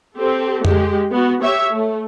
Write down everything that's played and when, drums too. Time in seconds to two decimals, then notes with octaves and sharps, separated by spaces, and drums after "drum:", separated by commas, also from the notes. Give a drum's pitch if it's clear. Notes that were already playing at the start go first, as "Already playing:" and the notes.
0.17 C4 G4 A4
0.65 G#3 G4, drum: tom F2
1.12 B3 F#4
1.42 G4 C#5 E5
1.72 A3